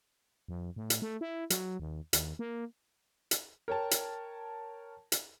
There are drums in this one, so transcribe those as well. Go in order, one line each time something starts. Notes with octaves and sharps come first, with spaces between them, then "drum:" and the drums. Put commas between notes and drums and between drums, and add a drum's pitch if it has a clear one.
F2
A2
drum: hi-hat
A3
E4
F#3, drum: hi-hat
D#2
D#2, drum: hi-hat
A#3
drum: hi-hat
A#4 C#5 G5 A5
drum: hi-hat
drum: hi-hat